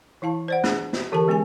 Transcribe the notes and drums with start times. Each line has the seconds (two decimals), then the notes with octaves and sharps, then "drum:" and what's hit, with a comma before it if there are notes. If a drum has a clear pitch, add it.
0.22 E3 E4 F5 A5
0.48 C5 D5 F#5
0.64 A3 D4 G#4, drum: snare
0.93 drum: snare
1.12 D3 E3 G4 A4 A#4 A5
1.28 G#3 B3 C#4 G#4 G#5